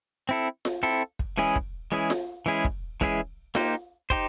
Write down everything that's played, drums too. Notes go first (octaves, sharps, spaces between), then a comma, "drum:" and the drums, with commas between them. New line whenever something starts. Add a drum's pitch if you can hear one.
C4 E4 A4
drum: snare F4
C4 E4 A4
drum: kick
E3 G#3 C#4 E4 G#4
drum: kick
E3 G#3 C#4 E4 G#4
drum: snare F4
E3 G#3 C#4 E4 G#4
drum: kick
E3 G#3 C#4 E4 G#4, drum: kick
A#3 D#4 G4 C5, drum: snare F4
D#4 G4 C5, drum: kick